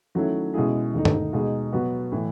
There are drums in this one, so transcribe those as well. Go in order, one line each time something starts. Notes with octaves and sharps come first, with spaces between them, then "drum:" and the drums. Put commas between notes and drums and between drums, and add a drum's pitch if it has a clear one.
D#3 F#3 A3 C#4 E4
B2 G#3 C#4 E4 G#4
D#2 D#3 A3 D#4
drum: tom G2
B2 G#3 D#4 G#4
B2 F#3 B3 F#4
A2 E3 A3